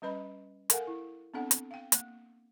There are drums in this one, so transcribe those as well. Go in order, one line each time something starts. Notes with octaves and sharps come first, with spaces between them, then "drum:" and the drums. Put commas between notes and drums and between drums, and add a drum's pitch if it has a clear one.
G3 C#4 B4 D#5 B5
A4 A#4 F5 F#5 G#5, drum: hi-hat
E4
B3 C4 D4 A4 F#5
drum: hi-hat
F5 G5
A#3, drum: hi-hat